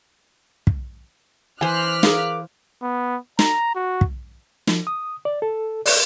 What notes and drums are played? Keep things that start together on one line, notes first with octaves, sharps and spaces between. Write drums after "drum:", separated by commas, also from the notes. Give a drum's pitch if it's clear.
drum: kick
E3 C5 G#5 D6 F6 F#6 B6
G#4 A#4 F5, drum: snare
B3
A#5, drum: snare
F#4
drum: kick
F3, drum: snare
D#6
D5
A4
D5, drum: open hi-hat